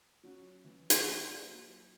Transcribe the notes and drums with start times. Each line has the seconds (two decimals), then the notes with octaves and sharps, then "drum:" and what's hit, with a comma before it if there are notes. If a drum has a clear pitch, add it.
0.23 F#3 C#4 F#4
0.64 E3
0.90 drum: hi-hat
1.06 A#3 D4 G4
1.48 F#3